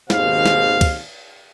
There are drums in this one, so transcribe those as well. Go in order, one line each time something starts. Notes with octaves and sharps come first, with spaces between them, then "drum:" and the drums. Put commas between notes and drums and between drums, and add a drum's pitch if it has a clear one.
G#1 D#2 B2 G#4 C5 F5, drum: snare
drum: snare
drum: kick, cymbal